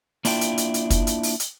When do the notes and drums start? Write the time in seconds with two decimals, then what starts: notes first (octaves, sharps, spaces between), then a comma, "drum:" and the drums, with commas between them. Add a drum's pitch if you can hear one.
0.25 A#3 D4 E4 F4 G5, drum: open hi-hat
0.41 drum: hi-hat
0.58 drum: hi-hat
0.74 drum: hi-hat
0.90 drum: kick, hi-hat
1.07 drum: hi-hat
1.23 drum: open hi-hat
1.40 drum: hi-hat